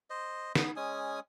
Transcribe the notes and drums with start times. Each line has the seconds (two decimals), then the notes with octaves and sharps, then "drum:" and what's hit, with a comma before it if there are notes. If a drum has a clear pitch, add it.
0.10 C5 D#5
0.55 B3 B5 D#6, drum: snare
0.76 G#3 C#4 G#5 D#6